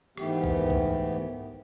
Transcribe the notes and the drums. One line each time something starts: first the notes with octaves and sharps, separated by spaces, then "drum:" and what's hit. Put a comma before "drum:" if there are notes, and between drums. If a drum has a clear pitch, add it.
G#2 D#3 E3 A3 B3 G4, drum: rim click
drum: kick B1
drum: kick B1